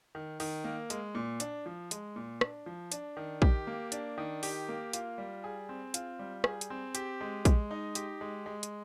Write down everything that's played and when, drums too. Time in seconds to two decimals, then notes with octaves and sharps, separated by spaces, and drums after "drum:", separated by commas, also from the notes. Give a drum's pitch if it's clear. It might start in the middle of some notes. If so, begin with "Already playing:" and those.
0.15 D#3
0.40 D#3, drum: open hi-hat
0.64 A#3
0.90 G#3, drum: hi-hat
1.15 A#2
1.40 D4, drum: hi-hat
1.66 F3
1.91 G#3, drum: hi-hat
2.16 A#2
2.41 D4, drum: rim click
2.66 F3
2.92 D4, drum: hi-hat
3.17 D#3
3.42 G4, drum: kick A#1
3.67 A#3
3.92 D4, drum: hi-hat
4.18 D#3
4.43 G4, drum: open hi-hat
4.69 A#3
4.93 F4, drum: hi-hat
5.18 G3
5.44 G#4
5.69 C4
5.94 F4, drum: hi-hat
6.19 G3
6.44 G#4, drum: rim click
6.61 drum: hi-hat
6.70 C4
6.95 G4, drum: hi-hat
7.21 G#3
7.45 G#3, drum: kick A#1, hi-hat
7.71 D#4
7.95 G4, drum: hi-hat
8.21 G#3
8.46 G#3
8.63 drum: hi-hat